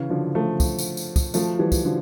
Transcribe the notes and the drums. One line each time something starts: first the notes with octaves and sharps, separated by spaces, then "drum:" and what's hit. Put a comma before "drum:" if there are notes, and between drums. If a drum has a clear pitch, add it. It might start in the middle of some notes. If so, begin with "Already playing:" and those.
Already playing: C#3 E3
D3 F3
F3 A3
drum: kick, tambourine
drum: tambourine
drum: tambourine
drum: kick, tambourine
F3 A3, drum: tambourine
E3 G3
drum: kick, tambourine
D3 F3